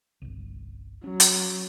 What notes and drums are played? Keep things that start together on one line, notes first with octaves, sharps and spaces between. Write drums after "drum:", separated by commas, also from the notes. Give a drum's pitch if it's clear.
G1 C2
F#3 C#4
drum: hi-hat